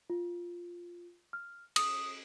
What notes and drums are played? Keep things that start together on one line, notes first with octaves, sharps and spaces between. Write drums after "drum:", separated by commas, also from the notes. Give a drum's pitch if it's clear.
F4
F6
D#6, drum: cymbal